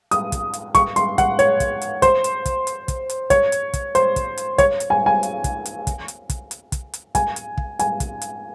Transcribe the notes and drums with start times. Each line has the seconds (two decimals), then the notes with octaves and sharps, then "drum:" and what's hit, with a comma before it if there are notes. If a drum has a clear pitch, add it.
0.11 D#6, drum: hi-hat
0.32 drum: kick, hi-hat
0.53 drum: hi-hat
0.75 C#6, drum: kick, hi-hat
0.96 C6, drum: hi-hat
1.18 F#5, drum: kick, hi-hat
1.39 C#5, drum: hi-hat
1.60 drum: kick, hi-hat
1.81 drum: hi-hat
2.02 C5, drum: kick, hi-hat
2.24 drum: hi-hat
2.45 drum: kick, hi-hat
2.67 drum: hi-hat
2.88 drum: kick, hi-hat
3.09 drum: hi-hat
3.30 C#5, drum: kick, hi-hat
3.52 drum: hi-hat
3.73 drum: kick, hi-hat
3.95 C5, drum: hi-hat
4.16 drum: kick, hi-hat
4.37 drum: hi-hat
4.58 C#5, drum: kick, hi-hat
4.80 drum: hi-hat
4.90 G#5
5.06 G#5
5.23 drum: hi-hat
5.44 drum: kick, hi-hat
5.65 drum: hi-hat
5.87 drum: kick, hi-hat
6.08 drum: hi-hat
6.29 drum: kick, hi-hat
6.51 drum: hi-hat
6.72 drum: kick, hi-hat
6.94 drum: hi-hat
7.15 G#5, drum: kick, hi-hat
7.36 drum: hi-hat
7.58 drum: kick
7.79 G#5, drum: hi-hat
8.00 drum: kick, hi-hat
8.22 drum: hi-hat